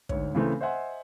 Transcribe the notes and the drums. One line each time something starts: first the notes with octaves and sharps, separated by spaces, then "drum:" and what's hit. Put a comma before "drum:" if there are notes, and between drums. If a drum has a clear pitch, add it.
D2 G#2 C#5, drum: kick
C#3 E3 A3 C4
C5 D#5 E5 F#5 G#5 C6